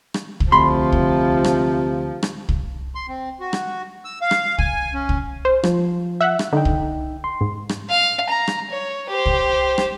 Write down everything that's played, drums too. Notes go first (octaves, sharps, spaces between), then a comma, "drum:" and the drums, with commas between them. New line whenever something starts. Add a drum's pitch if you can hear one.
drum: rim click
drum: kick
D2 C3 F3 B5 C6
drum: kick
drum: rim click
drum: rim click
drum: kick
C6
C4
F#4
drum: rim click
E6
F5
drum: rim click
G#5, drum: kick
C#4
drum: kick
C5
F3, drum: rim click
E5 F#5 F#6
drum: rim click
D3 D#4 G5
drum: kick
C6
G#2
drum: rim click
F5
A#5
drum: rim click
C#5
G4 C5
drum: kick
drum: rim click